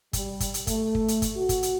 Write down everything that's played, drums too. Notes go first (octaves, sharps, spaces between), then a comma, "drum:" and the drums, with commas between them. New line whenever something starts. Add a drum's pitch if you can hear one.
G3, drum: kick, hi-hat
drum: kick, hi-hat
drum: hi-hat
A3, drum: kick, hi-hat
drum: kick
drum: hi-hat
drum: kick, hi-hat
F#4
drum: kick, hi-hat
drum: hi-hat